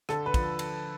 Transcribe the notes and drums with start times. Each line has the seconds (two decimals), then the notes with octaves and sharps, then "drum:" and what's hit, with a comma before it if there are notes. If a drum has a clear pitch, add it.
0.09 D3 A4, drum: rim click
0.26 B4
0.34 F3, drum: kick, cymbal
0.59 drum: cymbal